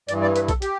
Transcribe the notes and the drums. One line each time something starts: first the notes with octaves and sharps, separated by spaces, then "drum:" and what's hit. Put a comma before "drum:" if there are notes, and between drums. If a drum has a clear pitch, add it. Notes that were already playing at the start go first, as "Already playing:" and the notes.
G2 E3 D5, drum: hi-hat
D5
B4, drum: hi-hat
A4, drum: kick, hi-hat
G4, drum: hi-hat